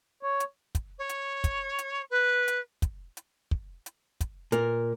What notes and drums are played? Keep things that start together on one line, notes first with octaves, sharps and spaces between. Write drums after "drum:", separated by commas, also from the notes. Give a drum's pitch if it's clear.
C#5
drum: hi-hat
drum: kick, hi-hat
C#5
drum: hi-hat
drum: kick, hi-hat
drum: hi-hat
B4
drum: hi-hat
drum: kick, hi-hat
drum: hi-hat
drum: kick
drum: hi-hat
drum: kick, hi-hat
A#2 A#4, drum: hi-hat